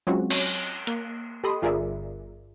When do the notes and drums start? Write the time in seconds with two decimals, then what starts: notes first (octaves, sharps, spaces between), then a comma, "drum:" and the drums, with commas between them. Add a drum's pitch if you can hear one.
0.07 F#3 G#3 C4 C#4 F4 F#4
0.30 C#5, drum: cymbal
0.87 A#3, drum: hi-hat
1.44 G4 A4 D#5 B5 C6 D#6
1.62 G1 F4 G#4 A#4 D5 E5